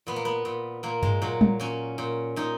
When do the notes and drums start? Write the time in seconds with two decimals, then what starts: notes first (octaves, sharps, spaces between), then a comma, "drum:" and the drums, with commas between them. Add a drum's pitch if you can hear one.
0.07 A#2 B3
0.16 A#3
0.25 B3
0.45 A#2
0.83 A#2 A#3
1.03 G#3, drum: tom G2
1.22 A#2 F#3
1.41 drum: tom
1.60 A#2 C#4
1.98 A#2
2.36 A#2 D#4